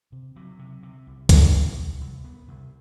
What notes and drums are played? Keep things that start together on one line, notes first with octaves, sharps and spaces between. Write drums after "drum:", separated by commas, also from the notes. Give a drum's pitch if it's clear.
C3
C3 F#3
C3
C3
C2
C2, drum: kick C#2, hi-hat
C2
C2
C2
C2 B3
C2